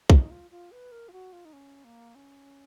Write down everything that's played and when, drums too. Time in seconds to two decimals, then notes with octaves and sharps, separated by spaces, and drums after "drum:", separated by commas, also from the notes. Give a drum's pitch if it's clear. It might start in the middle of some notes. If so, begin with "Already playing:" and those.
0.10 D#4, drum: kick
0.31 F4
0.51 F4
0.72 B4
0.92 A#4
1.09 F4
1.13 F#4
1.33 F4
1.45 D#4
1.53 C#4
1.84 A#3
2.15 C#4